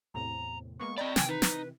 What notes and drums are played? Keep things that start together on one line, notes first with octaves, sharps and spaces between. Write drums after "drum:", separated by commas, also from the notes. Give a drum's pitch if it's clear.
E2 A2 C3 A#5
G#3 A#3 B3 C#6
C4 D5 D#5 G5 A#5 B5
C3 D#3 E3 G5 G#5, drum: snare
D#4 B4
drum: snare